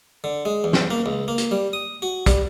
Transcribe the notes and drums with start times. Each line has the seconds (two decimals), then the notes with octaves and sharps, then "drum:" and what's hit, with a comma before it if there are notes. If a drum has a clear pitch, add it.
0.24 D3
0.45 G#3
0.64 E2
0.73 drum: snare
0.91 A#3
1.06 C#2
1.28 A#3
1.38 drum: hi-hat
1.51 G3
1.73 D#6
2.02 F#4
2.26 G3, drum: kick, hi-hat